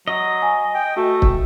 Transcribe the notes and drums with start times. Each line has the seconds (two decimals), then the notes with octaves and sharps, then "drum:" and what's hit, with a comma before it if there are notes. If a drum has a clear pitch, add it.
0.08 F#3 D#5
0.42 G#5
0.75 G5
0.97 A3 F#4
1.22 drum: kick